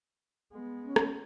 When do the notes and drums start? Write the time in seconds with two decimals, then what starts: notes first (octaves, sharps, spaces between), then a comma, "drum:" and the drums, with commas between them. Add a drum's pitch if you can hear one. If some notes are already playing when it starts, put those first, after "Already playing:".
0.53 G#3 B3
0.84 C#4
0.96 drum: rim click